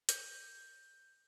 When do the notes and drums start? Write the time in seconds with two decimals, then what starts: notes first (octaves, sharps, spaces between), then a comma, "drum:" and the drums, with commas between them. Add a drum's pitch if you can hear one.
0.09 G6, drum: hi-hat